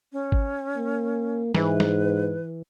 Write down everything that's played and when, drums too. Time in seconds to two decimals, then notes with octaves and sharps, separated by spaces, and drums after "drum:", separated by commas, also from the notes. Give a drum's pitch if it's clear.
0.13 C#4
0.32 drum: kick G#1
0.77 A#3
1.55 G#2 E3 B4, drum: snare
1.80 drum: snare